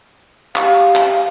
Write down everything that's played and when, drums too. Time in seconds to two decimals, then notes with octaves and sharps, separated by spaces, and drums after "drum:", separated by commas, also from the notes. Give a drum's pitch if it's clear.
0.56 G4 F5, drum: clap
0.95 drum: clap